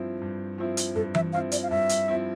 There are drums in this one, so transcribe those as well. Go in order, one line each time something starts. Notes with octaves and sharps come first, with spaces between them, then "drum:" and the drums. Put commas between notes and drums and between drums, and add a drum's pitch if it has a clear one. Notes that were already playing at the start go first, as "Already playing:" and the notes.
Already playing: G2 F3 C4 E4
G2
F3 C4 E4
drum: hi-hat
G2 A4
E5, drum: tom E3
F3 C4 E4 F5
D5, drum: hi-hat
F5
G2 E5
drum: hi-hat
F3 C4 E4